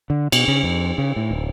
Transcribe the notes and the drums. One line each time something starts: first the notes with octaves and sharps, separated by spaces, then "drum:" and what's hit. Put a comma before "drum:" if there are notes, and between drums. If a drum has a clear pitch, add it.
D3
B2, drum: cymbal
C#3
F2
C#3
A2
D1